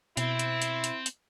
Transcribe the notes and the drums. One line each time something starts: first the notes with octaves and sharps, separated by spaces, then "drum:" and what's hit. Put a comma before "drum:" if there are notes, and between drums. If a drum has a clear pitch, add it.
B2 C4 E4, drum: hi-hat
drum: hi-hat
drum: hi-hat
drum: hi-hat
drum: hi-hat